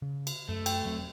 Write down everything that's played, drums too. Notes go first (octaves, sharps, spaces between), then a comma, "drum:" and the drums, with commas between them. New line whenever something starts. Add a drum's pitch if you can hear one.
C#3
drum: cymbal
F#2 A3
G5, drum: cymbal
E1 F#3 C4